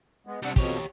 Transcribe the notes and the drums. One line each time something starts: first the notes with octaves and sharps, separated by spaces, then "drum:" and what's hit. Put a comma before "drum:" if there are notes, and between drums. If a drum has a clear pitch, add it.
G#3 B3
C3 G3 C4 D4 F#5
F2 B2 F3 G4 C#5, drum: kick